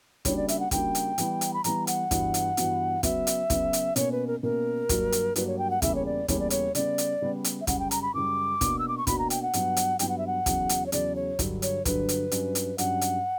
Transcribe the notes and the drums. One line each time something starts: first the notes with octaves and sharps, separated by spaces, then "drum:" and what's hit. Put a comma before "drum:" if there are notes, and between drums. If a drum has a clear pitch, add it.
C#3 G3 A#3 D4 F#4 C#5, drum: kick, hi-hat
D5
E5, drum: hi-hat
F#5
C#3 G3 A#3 D4 F#4 G5, drum: kick, hi-hat
drum: hi-hat
E3 G3 B3, drum: hi-hat
drum: hi-hat
B5
E3 G3 B3 A#5, drum: hi-hat
F#5, drum: hi-hat
G2 E3 B3 F#4, drum: kick, hi-hat
drum: hi-hat
G2 E3 B3 F#4, drum: hi-hat
C#3 F#3 B3 F#4 E5, drum: kick, hi-hat
drum: hi-hat
C#3 F#3 B3 F#4, drum: kick, hi-hat
drum: hi-hat
B2 A#3 C#4 C#5, drum: hi-hat
B4
A#4
B2 A#3 C#4 A#4
G2 F#3 A#3 D4 F#4, drum: kick, hi-hat
drum: hi-hat
G2 F#3 A#3 D4 F#4 B4, drum: hi-hat
C#5
G5
F#5
E2 C#3 G3 A#3 E5, drum: kick, hi-hat
C#5
D5
E2 C#3 G3 A#3 C#5, drum: kick, hi-hat
D5
C#5, drum: hi-hat
C#3 G3 B3 D5, drum: hi-hat
drum: hi-hat
C#3 G3 B3
drum: hi-hat
E5
F#2 C#3 G3 F#5, drum: kick, hi-hat
G5
A#5, drum: hi-hat
B5
F#2 C#3 G3 D6
B2 A#3 D4 F#4, drum: kick, hi-hat
E6
D6
C#6
B2 A#3 D4 F#4 B5, drum: kick, hi-hat
A#5
G5, drum: hi-hat
F#5
G2 F#3 B3, drum: hi-hat
drum: hi-hat
G2 F#3 B3 G5, drum: hi-hat
F#5
E5
F#5
E2 C#3 F#3, drum: kick, hi-hat
drum: hi-hat
C#5
E2 C#3 F#3 D5, drum: hi-hat
C#5
G2 D3 F#3, drum: kick, hi-hat
C#5, drum: hi-hat
G2 D3 F#3 B4, drum: kick, hi-hat
drum: hi-hat
G2 F#3 C#4, drum: hi-hat
drum: hi-hat
G2 F#3 C#4 F#5, drum: hi-hat
drum: hi-hat